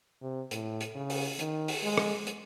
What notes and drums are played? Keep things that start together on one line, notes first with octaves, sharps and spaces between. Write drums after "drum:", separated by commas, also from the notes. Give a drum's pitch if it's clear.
C3
A2, drum: hi-hat
drum: hi-hat
C#3
drum: open hi-hat
D#3, drum: hi-hat
drum: open hi-hat
G#3
drum: rim click
drum: hi-hat